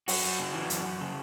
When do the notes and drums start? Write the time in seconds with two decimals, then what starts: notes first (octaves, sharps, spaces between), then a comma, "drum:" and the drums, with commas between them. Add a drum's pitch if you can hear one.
0.08 F#2 F#4, drum: open hi-hat
0.24 F#2
0.39 C#3
0.54 E3
0.70 F#2, drum: hi-hat
0.85 F#2
1.01 C#3